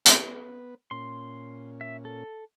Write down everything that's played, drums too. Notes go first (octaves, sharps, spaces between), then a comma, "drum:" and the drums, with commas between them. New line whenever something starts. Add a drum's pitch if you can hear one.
B3 B4, drum: hi-hat
A#2 C#4 C6
E5
A4